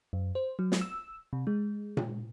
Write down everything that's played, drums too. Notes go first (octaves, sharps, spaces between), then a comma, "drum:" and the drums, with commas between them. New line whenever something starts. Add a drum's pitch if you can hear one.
F#2
C5
F#3
drum: snare
E6
C3
G#3
drum: tom A#2